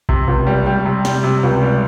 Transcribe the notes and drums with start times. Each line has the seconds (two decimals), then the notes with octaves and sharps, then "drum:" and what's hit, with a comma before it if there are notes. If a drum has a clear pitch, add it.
0.09 C3, drum: kick A#1
0.28 C#2
0.47 G3
0.66 G3
0.85 C3
1.05 G3, drum: snare
1.24 C3
1.43 C#2
1.63 G3